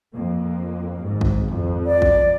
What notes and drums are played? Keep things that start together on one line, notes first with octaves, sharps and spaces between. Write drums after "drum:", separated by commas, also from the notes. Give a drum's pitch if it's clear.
F2 A#3
G#1 G#2
drum: kick G#1
F2, drum: tom G#2
D5
drum: kick G#1